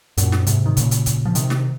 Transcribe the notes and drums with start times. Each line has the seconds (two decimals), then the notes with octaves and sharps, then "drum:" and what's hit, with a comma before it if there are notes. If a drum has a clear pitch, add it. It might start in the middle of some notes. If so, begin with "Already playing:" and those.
0.17 F#2 A#2, drum: hi-hat
0.32 drum: snare
0.47 G#2 C3, drum: hi-hat
0.66 D#3
0.77 A#2 C#3, drum: kick, hi-hat
0.91 drum: hi-hat
1.06 drum: kick, hi-hat
1.25 F3
1.35 C3 D#3, drum: hi-hat
1.50 drum: snare